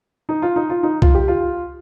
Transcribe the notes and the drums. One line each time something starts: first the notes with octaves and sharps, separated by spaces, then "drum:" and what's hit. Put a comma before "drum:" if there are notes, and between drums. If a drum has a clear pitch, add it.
D#4
F4
D#4
F4
D#4
F4, drum: kick
G4
F4